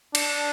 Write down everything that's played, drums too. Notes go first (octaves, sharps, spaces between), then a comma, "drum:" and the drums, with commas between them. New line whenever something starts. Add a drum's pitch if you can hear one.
D4, drum: cymbal